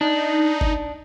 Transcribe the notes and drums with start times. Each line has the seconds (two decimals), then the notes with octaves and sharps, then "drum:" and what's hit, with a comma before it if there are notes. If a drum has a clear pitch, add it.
0.01 D4 D#4
0.61 drum: kick G1